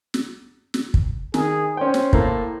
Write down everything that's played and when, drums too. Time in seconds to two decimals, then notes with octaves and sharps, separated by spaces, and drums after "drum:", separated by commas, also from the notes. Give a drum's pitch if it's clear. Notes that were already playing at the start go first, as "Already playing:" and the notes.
0.14 drum: snare
0.74 drum: snare
0.94 drum: kick
1.34 D#3 G#4, drum: snare
1.77 C#4 C5 G5
1.94 drum: snare
2.13 A2 A#3 A4, drum: kick